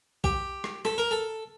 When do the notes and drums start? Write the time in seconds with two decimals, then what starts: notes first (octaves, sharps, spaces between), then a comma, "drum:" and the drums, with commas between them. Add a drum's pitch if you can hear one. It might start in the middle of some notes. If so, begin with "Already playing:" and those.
0.24 G4, drum: kick
0.64 drum: rim click
0.85 A4, drum: rim click
0.98 A#4
1.11 A4